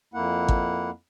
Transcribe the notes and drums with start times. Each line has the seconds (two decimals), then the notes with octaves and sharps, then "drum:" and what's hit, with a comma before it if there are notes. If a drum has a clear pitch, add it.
0.14 F2 A#3 E4 F#5
0.48 drum: kick